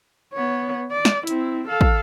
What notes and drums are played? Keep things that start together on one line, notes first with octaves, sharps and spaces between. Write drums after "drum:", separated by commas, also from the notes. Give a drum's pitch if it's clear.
B3 C#5
D5
drum: snare
C4 E4, drum: hi-hat
A4 F5
drum: kick